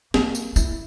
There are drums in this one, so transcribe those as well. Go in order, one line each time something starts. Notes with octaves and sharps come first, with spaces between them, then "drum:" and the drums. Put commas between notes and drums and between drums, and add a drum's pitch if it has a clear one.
A#3, drum: snare
drum: tambourine
E4, drum: tambourine